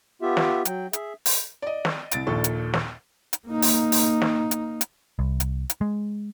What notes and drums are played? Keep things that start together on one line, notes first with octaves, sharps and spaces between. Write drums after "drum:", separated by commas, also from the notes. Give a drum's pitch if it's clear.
B3 F4 G4 E5
drum: snare
F#3 G5, drum: hi-hat
G#4 E5, drum: hi-hat
drum: open hi-hat
D5 D#5
drum: snare
C2 A6 D7, drum: hi-hat
A#1 D#2 A#2 A4 C#6
drum: hi-hat
drum: snare
drum: hi-hat
A#3 D#4
drum: open hi-hat
drum: open hi-hat
drum: snare
drum: hi-hat
drum: hi-hat
C2
drum: hi-hat
drum: hi-hat
G#3